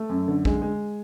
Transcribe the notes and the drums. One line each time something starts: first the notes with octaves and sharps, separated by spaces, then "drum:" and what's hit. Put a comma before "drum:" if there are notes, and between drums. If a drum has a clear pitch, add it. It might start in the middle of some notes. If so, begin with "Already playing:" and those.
Already playing: A3
F#2
D3
G#3, drum: kick
G#3